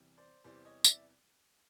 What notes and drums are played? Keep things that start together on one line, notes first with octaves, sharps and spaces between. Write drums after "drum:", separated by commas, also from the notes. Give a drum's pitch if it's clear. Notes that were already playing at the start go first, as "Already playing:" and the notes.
Already playing: E2 C3 E3 G3
C5 D5
E2 C3 E3 G3 C5 D5
C#5 D#5
D5 E5, drum: tambourine